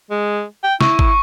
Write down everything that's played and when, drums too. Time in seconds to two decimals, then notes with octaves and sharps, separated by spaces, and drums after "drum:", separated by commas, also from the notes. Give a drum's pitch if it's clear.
0.11 G#3
0.64 G5
0.81 E4 C#6, drum: snare
0.99 drum: kick